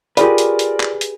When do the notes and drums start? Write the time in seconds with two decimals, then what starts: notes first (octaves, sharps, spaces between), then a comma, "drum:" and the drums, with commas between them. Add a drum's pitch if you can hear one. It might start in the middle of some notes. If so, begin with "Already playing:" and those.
0.17 F4 G4 G#4 A#4 B4 D5, drum: hi-hat
0.38 drum: hi-hat
0.59 drum: hi-hat
0.80 drum: clap
1.01 drum: hi-hat